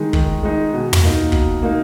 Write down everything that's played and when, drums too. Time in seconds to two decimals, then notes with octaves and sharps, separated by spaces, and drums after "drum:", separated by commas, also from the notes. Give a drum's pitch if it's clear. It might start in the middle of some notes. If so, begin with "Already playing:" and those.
Already playing: D#3 G#3 D#4
0.13 D#3, drum: kick
0.43 G#3 D#4
0.73 B2
0.93 drum: tom
1.03 A#3 D#4
1.32 B2, drum: kick
1.62 A#3 D#4